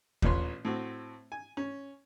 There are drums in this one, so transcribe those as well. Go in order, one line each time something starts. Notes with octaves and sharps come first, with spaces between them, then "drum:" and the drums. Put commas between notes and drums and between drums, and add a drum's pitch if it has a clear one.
A1 A#2 B4 C#5 C6, drum: kick D#2
A2 C4 F#4
G#5
C#4